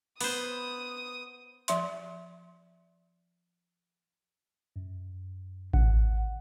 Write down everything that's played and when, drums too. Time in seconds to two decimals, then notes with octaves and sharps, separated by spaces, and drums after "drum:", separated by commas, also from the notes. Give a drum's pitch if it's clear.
0.21 B3 C5 D#6, drum: open hi-hat
1.68 F3 E5 C6, drum: hi-hat
4.76 F#2
5.73 F#5, drum: kick A1